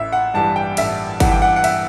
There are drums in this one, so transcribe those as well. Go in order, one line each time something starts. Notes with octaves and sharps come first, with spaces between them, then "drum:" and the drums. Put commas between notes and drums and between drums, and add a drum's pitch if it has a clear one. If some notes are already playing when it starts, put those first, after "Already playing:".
Already playing: A1 E5
F#5
G2 E3 G3 A5
G5
A1 E5, drum: cymbal
G2 E3 G3 F#5, drum: kick G1, cymbal
G5
F#5
F#5
E5, drum: cymbal